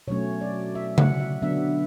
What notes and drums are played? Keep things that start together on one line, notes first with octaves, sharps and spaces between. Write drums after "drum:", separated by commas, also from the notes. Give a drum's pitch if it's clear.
B2 F#3 A3 C#4 C#5
D5
E5
F#5, drum: tom C#3
E5
D3 F#3 B3 D4 E5